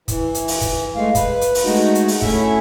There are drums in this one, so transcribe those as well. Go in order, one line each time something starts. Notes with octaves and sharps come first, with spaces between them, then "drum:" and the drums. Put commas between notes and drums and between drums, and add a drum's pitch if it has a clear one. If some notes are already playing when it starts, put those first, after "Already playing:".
E3, drum: kick, hi-hat
drum: hi-hat
drum: open hi-hat
drum: kick, hi-hat
G#3 A3 F5
B4, drum: kick, hi-hat
drum: hi-hat
drum: open hi-hat
G#3 A3 D#4 F#4
drum: hi-hat
drum: open hi-hat
A3 C#4 E4 E5, drum: kick